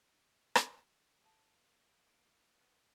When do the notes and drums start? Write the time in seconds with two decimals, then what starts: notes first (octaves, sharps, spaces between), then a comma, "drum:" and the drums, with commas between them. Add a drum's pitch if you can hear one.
0.55 drum: rim click
1.24 A#3 G#4 F5 A5
2.61 B3